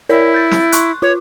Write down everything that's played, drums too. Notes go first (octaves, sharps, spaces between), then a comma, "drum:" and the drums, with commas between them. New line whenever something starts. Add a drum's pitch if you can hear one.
E4 A#4 C#5 D5
G6 A6
drum: snare
C6 C#6 F#6, drum: hi-hat
F4 C#5